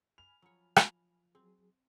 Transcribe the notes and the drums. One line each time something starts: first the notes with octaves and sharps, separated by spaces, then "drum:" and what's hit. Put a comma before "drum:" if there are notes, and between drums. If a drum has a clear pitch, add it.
G#5 B5 F6 F7
F3 F#3 F4 C#5
drum: rim click
F#3 C4 G#4